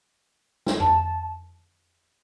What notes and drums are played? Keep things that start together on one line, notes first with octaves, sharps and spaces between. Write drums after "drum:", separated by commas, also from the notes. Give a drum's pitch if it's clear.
drum: snare
A5, drum: tom F2